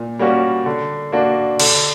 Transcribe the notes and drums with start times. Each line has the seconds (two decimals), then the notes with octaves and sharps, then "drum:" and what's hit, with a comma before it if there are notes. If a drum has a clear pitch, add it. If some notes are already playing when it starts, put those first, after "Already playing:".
Already playing: A#2
0.19 G3 A#3 C#4 F#4
0.66 D3
1.12 A#3 D4 F#4
1.60 D3, drum: cymbal